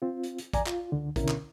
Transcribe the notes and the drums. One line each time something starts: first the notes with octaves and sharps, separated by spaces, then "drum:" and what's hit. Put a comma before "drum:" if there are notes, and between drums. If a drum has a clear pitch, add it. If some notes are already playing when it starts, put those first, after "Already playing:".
C4 F4
drum: hi-hat
drum: hi-hat
E2 D5 G#5 A#5, drum: kick, hi-hat
F4, drum: clap
C#2 D3
C#2 B2 D3 C#4 E4 A#4, drum: kick, hi-hat
drum: clap